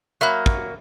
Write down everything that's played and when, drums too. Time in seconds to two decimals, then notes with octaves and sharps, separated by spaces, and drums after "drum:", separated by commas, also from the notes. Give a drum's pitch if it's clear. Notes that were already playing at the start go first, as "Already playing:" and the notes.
0.21 F#3 A#3 E5 B5 F#6
0.46 drum: kick